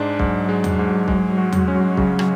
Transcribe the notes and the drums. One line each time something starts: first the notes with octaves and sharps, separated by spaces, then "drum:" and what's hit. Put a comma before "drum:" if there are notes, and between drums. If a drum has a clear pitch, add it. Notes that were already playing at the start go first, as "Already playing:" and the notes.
Already playing: G#2 G#3 D4
G#2 F#3, drum: kick B1
G#3
drum: tom E2
G#2
G#3, drum: kick B1
F#4
drum: tom E2
C#4
C#3, drum: kick B1
drum: rim click